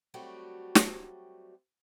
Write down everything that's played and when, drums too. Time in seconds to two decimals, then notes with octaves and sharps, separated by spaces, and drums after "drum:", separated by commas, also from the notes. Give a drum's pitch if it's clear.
0.14 F#3 G3 A3 C4 F#4
0.75 drum: snare